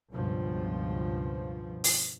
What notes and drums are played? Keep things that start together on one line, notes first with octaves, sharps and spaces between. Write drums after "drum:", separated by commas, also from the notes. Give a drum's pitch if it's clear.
C#2 G2 B2 F3
drum: open hi-hat